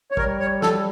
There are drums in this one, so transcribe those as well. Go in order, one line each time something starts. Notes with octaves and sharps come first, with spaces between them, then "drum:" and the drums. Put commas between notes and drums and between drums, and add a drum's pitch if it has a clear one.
C#5
G3 A#4, drum: kick
C#5
A4, drum: snare